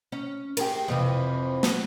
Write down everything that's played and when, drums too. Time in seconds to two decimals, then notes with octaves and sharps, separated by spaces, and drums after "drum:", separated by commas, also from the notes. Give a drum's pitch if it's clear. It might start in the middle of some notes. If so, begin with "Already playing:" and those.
0.12 C#4
0.57 G4 G#4 A#4, drum: cymbal
0.88 F2 C3 E3
1.63 F#3, drum: snare